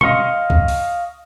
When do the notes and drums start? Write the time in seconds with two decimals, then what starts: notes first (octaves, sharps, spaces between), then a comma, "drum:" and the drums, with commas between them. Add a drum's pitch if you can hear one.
0.01 D#5 F5 C6 C#6, drum: tom B2
0.50 drum: kick C#2
0.68 drum: open hi-hat